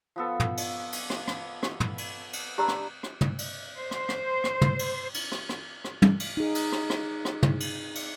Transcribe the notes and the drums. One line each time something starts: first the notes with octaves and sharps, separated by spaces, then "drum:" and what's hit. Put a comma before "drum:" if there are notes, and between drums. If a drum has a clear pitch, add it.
F3 B3 A4
drum: tom
drum: cymbal
drum: cymbal
drum: rim click
drum: rim click
drum: rim click
drum: tom
drum: cymbal
drum: cymbal
D4 G4 B4 A#5 E6
drum: rim click
drum: rim click
drum: tom
drum: cymbal
C5
drum: rim click
drum: rim click
drum: rim click
drum: tom
drum: cymbal
drum: cymbal
drum: rim click
drum: rim click
drum: rim click
drum: tom
drum: cymbal
D#4 G#4
drum: cymbal
drum: rim click
drum: rim click
drum: rim click
drum: tom
drum: cymbal
drum: cymbal